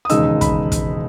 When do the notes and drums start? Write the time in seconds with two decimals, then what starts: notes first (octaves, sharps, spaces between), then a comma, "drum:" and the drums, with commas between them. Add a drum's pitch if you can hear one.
0.05 D#6
0.09 E1 D#2 C#3 G#3 D#4 E6, drum: hi-hat
0.41 B5, drum: kick, hi-hat
0.72 drum: kick, hi-hat